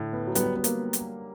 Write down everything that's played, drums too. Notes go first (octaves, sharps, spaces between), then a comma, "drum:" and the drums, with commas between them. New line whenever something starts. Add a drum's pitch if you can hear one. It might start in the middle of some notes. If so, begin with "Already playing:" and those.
Already playing: A2 D3
B3
F#3
G3 B3, drum: hi-hat
B3
A#3, drum: hi-hat
drum: hi-hat